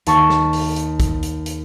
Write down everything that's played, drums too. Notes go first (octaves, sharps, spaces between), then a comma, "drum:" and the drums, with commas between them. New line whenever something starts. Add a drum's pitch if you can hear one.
D#2 A5 C#6 E7, drum: hi-hat
drum: snare
drum: open hi-hat
drum: hi-hat
drum: kick, hi-hat
drum: hi-hat
drum: hi-hat